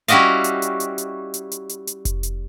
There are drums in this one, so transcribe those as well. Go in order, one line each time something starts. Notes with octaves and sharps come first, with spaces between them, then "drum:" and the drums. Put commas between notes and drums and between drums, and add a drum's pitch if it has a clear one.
G3 C#4 E4 F#4 D#5 F5, drum: hi-hat
drum: hi-hat
drum: hi-hat
drum: hi-hat
drum: hi-hat
drum: hi-hat
drum: hi-hat
drum: hi-hat
drum: hi-hat
drum: kick F1, hi-hat
drum: hi-hat